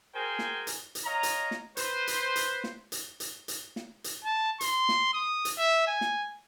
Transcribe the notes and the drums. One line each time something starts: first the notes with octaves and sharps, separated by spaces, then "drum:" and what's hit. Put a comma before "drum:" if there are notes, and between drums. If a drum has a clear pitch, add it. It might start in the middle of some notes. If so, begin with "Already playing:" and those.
F#4 G#4 A#4 C5 G5 G#5
drum: snare
drum: hi-hat
drum: hi-hat
C#5 D#5 F5 A#5
drum: hi-hat
drum: snare
B4 C5, drum: hi-hat
drum: hi-hat
drum: hi-hat
drum: snare
drum: hi-hat
drum: hi-hat
drum: hi-hat
drum: snare
drum: hi-hat
A5
C6, drum: hi-hat
drum: snare
D#6
drum: hi-hat
E5
G#5
drum: snare